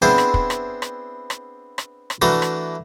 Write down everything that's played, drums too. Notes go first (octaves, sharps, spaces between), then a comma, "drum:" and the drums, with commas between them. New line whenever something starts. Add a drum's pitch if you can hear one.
B3 C4 D4 E4 G#4 C5
drum: rim click
drum: kick
drum: rim click
drum: rim click
drum: rim click
drum: rim click
drum: rim click
E3 A3 D4 F#4 A#5 D#6
drum: rim click